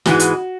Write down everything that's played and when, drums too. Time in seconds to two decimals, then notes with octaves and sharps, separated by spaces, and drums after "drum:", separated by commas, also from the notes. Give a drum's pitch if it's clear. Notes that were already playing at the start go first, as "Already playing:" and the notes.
0.06 G#2 E3 G#3 B3 F#4 G#4, drum: snare
0.20 drum: hi-hat